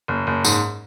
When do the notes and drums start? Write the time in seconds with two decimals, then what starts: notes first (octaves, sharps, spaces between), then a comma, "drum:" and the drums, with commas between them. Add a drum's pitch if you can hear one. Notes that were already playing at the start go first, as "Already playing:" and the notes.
0.08 F#1
0.27 F#1
0.45 G#2, drum: tambourine